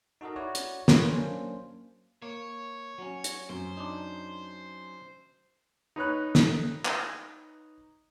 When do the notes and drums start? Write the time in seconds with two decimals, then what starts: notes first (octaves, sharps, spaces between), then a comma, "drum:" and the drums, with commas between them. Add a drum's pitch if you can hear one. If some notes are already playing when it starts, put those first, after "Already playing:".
0.21 D#4 F#4 A4 A#4 D#5
0.36 E4 F#4 C#5 D5
0.55 drum: hi-hat
0.88 F4 A#4 B4 C#5, drum: snare
1.11 F#3 A#3 C#4 D4 C5
2.22 A#3 C#5
2.98 F#3 C#4
3.24 drum: hi-hat
3.49 F#2 C5
3.77 D4 D#4
5.96 D#4 B4 C#5 F#6
6.35 drum: snare
6.85 drum: clap